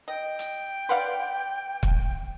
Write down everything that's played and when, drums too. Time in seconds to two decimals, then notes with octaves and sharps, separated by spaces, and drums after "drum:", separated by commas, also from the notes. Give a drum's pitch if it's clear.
0.08 D#5 G5
0.39 drum: hi-hat
0.89 B4 D5 F5 F#5 C6
1.83 drum: kick